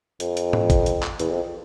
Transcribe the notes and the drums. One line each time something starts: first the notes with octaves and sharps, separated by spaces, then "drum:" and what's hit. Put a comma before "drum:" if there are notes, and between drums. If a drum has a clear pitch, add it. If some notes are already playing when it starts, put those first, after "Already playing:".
F2, drum: hi-hat
drum: hi-hat
drum: tom
drum: kick A1, hi-hat
drum: hi-hat
drum: clap
E2, drum: hi-hat
F2